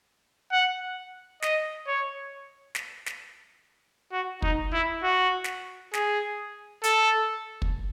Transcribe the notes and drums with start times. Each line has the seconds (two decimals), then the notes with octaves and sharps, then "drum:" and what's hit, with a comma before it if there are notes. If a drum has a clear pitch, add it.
0.52 F#5
1.42 D#5, drum: snare
1.87 C#5
2.75 drum: snare
3.06 drum: snare
4.12 F#4
4.42 D#4, drum: kick
4.73 E4
5.03 F#4
5.44 drum: snare
5.94 G#4, drum: snare
6.84 A4, drum: hi-hat
7.62 drum: kick